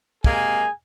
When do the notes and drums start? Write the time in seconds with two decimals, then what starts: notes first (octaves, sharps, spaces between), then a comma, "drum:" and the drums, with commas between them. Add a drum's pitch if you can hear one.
0.24 C3 G#3 A#3 G#4 G#5, drum: kick